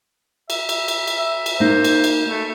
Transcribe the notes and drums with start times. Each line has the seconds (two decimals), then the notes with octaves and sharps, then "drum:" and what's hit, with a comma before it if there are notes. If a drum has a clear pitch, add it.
0.50 E5, drum: cymbal
0.69 drum: cymbal
0.88 drum: cymbal
1.07 drum: cymbal
1.18 E5
1.46 drum: cymbal
1.60 A#3 D#4 C5
1.84 drum: cymbal
2.04 drum: cymbal
2.29 A3